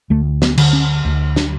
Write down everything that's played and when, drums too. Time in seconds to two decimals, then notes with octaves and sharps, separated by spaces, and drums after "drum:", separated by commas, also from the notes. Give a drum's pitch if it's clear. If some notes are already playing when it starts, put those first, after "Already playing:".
0.10 D2 A3
0.42 B3, drum: snare
0.57 D3, drum: cymbal
0.73 C#4
1.05 D2
1.36 D4, drum: snare